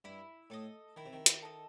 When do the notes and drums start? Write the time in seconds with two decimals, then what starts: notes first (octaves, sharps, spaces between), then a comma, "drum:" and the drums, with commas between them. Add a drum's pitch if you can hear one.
0.04 G2 E4
0.50 A2 A4 D#5
0.97 D#3 E4
1.06 C3
1.13 D#3
1.26 drum: hi-hat
1.42 A4 D#5